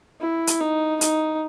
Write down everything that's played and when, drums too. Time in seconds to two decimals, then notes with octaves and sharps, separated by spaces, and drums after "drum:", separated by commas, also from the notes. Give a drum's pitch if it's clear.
0.21 E4
0.47 drum: hi-hat
0.60 D#4
1.01 D#4, drum: hi-hat